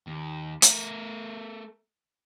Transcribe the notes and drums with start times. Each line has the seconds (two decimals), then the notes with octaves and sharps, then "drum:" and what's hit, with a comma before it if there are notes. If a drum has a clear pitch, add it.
0.07 D#2
0.62 A3 A#4, drum: hi-hat